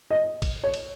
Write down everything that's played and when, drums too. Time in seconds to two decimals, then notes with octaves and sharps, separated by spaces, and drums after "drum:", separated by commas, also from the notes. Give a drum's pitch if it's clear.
0.10 D#5
0.42 drum: kick, cymbal
0.64 C#5
0.74 drum: cymbal